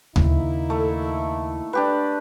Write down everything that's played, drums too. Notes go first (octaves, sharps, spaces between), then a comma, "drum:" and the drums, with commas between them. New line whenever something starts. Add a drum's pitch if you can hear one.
D#2 C#3 A#3 D#4 E4, drum: tom D2
A3
D4 G4 B4